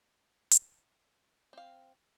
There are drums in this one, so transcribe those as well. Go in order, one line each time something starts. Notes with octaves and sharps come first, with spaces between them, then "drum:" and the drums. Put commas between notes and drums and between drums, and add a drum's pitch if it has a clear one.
drum: hi-hat
C4 F5